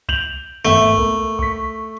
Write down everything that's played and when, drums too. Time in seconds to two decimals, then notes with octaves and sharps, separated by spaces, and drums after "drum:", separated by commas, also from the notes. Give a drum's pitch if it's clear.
0.09 G6 F7 F#7, drum: kick C2
0.65 G#1 E2 A3 E5
0.98 A#3, drum: kick C2
1.39 C#6 B6, drum: kick C2